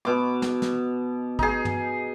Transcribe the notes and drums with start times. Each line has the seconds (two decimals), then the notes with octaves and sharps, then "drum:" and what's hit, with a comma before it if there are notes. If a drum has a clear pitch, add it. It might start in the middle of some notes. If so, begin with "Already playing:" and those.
0.05 B2 D6
0.42 drum: snare
0.62 drum: snare
1.39 D#4 G#4, drum: kick
1.65 drum: tom